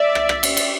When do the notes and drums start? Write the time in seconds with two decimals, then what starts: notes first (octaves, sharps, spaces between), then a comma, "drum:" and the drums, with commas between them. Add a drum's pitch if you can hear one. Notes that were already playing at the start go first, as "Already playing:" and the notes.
Already playing: D5 E5
0.15 drum: rim click
0.29 drum: rim click
0.43 drum: cymbal
0.57 drum: cymbal